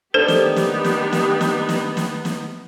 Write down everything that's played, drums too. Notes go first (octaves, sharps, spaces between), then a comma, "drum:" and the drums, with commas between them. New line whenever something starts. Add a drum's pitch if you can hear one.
B3 D4 D#4 G4 A4 A#4 C5
drum: snare
drum: snare
drum: snare
drum: snare
drum: snare
drum: snare
drum: snare
drum: snare